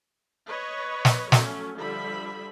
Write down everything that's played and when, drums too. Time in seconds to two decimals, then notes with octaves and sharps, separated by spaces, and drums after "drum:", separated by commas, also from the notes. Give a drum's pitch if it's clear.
0.47 B4 C#5 D#5
1.05 drum: snare
1.32 F#3 A3 C#4, drum: snare
1.75 D3 F3 G3 E5 B5